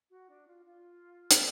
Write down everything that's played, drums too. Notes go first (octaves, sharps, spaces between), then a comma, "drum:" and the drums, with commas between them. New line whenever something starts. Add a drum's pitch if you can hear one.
F#4
D4
F4
F4
drum: hi-hat